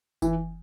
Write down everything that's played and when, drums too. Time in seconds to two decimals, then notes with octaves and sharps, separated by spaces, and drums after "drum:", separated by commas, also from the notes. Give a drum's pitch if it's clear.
0.22 E3, drum: kick F#1, tambourine